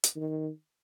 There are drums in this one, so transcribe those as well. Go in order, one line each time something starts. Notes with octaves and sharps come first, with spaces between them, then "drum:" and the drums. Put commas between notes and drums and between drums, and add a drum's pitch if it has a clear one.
drum: hi-hat
D#3